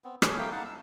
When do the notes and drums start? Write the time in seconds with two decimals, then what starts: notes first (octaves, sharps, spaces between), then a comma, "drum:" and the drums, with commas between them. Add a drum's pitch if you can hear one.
0.04 B3 C4
0.22 G#4 A4 C#5 B5, drum: rim click
0.38 A3 A#3 F5 G5
0.52 D#4 F5 F#5 A5
0.65 E6